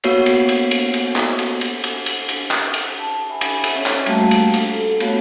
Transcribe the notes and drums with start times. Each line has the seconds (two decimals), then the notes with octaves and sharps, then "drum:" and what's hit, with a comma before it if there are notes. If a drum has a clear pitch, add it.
0.04 A#3 B3 F#4 C#5 E5 C7, drum: cymbal
0.26 drum: cymbal
0.49 drum: cymbal
0.71 drum: cymbal
0.94 drum: cymbal
1.16 drum: clap
1.39 drum: cymbal
1.61 drum: cymbal
1.84 drum: cymbal
2.06 drum: cymbal
2.29 drum: cymbal
2.51 drum: clap
2.74 drum: cymbal
2.99 A5
3.30 E5 G#5 B5
3.41 drum: cymbal
3.64 drum: cymbal
3.76 C#4 C#5 E5
3.86 drum: clap
4.06 G3 A3 A#3 F#4 F5 A5, drum: cymbal
4.31 drum: cymbal
4.54 drum: cymbal
4.70 A4
5.00 A3 B3 F#4 C#5 F5 A5, drum: cymbal